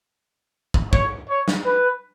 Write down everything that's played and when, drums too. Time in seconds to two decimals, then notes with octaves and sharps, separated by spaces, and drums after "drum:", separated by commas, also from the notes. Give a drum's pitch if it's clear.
0.74 drum: kick
0.93 C#5, drum: kick
1.29 C#5
1.48 drum: snare
1.65 B4